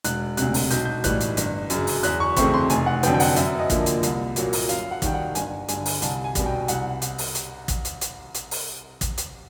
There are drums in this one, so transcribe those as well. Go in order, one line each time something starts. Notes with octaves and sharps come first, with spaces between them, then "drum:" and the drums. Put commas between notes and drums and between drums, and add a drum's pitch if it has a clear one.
E1 F#6, drum: hi-hat
D2 C3 F#6, drum: hi-hat
drum: open hi-hat
B1 G6, drum: hi-hat
G6
A2 E3 G3 F#6, drum: kick, hi-hat
drum: hi-hat
G1, drum: hi-hat
F#2 C#3, drum: hi-hat
drum: open hi-hat
E2 F#6, drum: hi-hat
C#6
C#3 E3 A3 C4 C#6, drum: kick, hi-hat
C6
F1 G#5, drum: hi-hat
F#5
F2 D3 F#3 B3 G5, drum: hi-hat
G5
F#5, drum: open hi-hat
F#2 E5, drum: hi-hat
D#5
D3 F3 A#3, drum: kick, hi-hat
drum: hi-hat
C2, drum: hi-hat
A#2 F#3 A#3, drum: hi-hat
drum: open hi-hat
F#2 F5, drum: hi-hat
F#5
D#3 G3 G5, drum: kick, hi-hat
F#5
G1 G#5, drum: hi-hat
G2 D3 G#5, drum: hi-hat
drum: open hi-hat
C2 A5, drum: hi-hat
G#5
B2 G3, drum: kick, hi-hat
G5
C2 F#5, drum: hi-hat
drum: hi-hat
drum: open hi-hat
drum: hi-hat
drum: kick, hi-hat
drum: hi-hat
drum: hi-hat
drum: hi-hat
drum: open hi-hat
drum: kick, hi-hat
drum: hi-hat